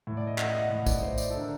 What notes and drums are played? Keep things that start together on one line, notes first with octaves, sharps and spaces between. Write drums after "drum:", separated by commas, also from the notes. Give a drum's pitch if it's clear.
A2
D5
D#5
F#5, drum: clap
D#5
F#5
A2 D#5
D5, drum: kick, tambourine
C5
D5, drum: tambourine
D3 A4
A#4